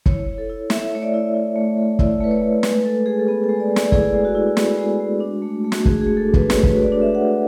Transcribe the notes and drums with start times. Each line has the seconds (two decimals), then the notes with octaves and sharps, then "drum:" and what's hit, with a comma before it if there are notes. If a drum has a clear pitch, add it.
0.06 E4 C#5, drum: kick
0.27 E4
0.38 A4
0.50 E4
0.70 E4 E5, drum: snare
0.92 A3 C#5
1.02 D5
1.14 E4
1.34 E4
1.56 A3
1.78 A3
1.99 E4 D5, drum: kick
2.21 A3 B4
2.31 C#5
2.42 A3
2.63 G#3 B4, drum: snare
2.85 G#3 A4
3.06 G#3 G#4
3.19 A4
3.28 B3 G#4
3.44 A4
3.49 G#3
3.60 D5
3.70 G#3
3.76 D5, drum: snare
3.92 E4 G#4, drum: kick
4.14 G#3
4.25 F#4
4.35 E4
4.57 B3, drum: snare
4.78 G#3
5.00 G#3
5.20 D4
5.42 A3
5.65 A3
5.72 F#4, drum: snare
5.86 F#4 G#4, drum: kick
6.01 G#4
6.07 A3
6.17 A4
6.29 D4
6.34 B4, drum: kick
6.50 A3 C#5, drum: snare
6.63 B4, drum: kick
6.71 F#4 C#5
6.83 D5
6.92 D4
7.02 E5
7.15 F#4 F#5